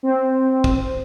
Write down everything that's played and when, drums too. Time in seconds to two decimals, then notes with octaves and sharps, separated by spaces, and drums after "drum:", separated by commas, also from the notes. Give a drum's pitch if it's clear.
0.03 C4
0.64 drum: kick